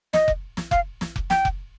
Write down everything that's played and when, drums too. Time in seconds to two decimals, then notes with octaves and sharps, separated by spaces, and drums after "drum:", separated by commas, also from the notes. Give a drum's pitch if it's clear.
0.13 D#5, drum: snare
0.28 drum: kick F1
0.57 drum: snare
0.71 F5, drum: kick F1
1.01 drum: snare
1.16 drum: kick F1
1.30 G5, drum: snare
1.45 drum: kick F1